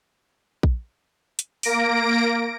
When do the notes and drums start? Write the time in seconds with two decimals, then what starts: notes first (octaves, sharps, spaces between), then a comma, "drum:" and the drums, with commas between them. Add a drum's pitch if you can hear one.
0.63 drum: kick A#1
1.39 drum: hi-hat
1.63 A#3 A#6 D7, drum: open hi-hat